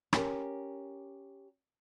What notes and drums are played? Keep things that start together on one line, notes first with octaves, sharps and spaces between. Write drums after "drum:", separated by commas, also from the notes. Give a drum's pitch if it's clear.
C#4 G4 A#4, drum: rim click